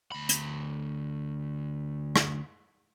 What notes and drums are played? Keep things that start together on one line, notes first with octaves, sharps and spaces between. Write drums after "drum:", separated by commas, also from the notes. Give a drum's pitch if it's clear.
D2 B5
drum: hi-hat
drum: rim click